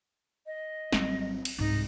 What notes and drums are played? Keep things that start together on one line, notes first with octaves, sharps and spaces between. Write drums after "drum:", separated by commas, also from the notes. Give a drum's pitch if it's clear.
D#5
G#1 F#3 G3 C4, drum: snare
drum: cymbal
C2 G#2 D#4